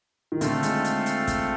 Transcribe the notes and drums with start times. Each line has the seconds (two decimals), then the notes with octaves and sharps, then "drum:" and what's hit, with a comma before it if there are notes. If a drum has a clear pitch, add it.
0.32 D#3
0.41 D3 A3 C4 F4 A4, drum: hi-hat
0.63 G#3, drum: hi-hat
0.85 drum: hi-hat
1.06 drum: hi-hat
1.27 drum: kick, hi-hat